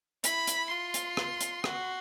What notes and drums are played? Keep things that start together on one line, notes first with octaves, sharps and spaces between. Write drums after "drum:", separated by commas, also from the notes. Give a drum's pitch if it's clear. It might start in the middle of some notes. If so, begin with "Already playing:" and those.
E4 B5, drum: hi-hat
drum: hi-hat
F4 C6
drum: hi-hat
drum: rim click
drum: hi-hat
F#4, drum: rim click